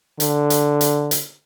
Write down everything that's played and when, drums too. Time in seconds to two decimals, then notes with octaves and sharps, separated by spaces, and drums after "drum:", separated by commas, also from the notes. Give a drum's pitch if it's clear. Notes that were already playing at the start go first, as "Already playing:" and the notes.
0.20 D3, drum: hi-hat
0.50 drum: hi-hat
0.81 drum: hi-hat
1.11 drum: hi-hat